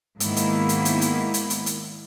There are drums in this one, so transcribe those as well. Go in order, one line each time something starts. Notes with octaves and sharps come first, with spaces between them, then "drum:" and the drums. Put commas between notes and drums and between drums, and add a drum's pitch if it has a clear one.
G#2 D#3 A#3 B3 E4, drum: hi-hat
drum: hi-hat
drum: hi-hat
drum: hi-hat
drum: hi-hat
drum: hi-hat
drum: hi-hat
drum: hi-hat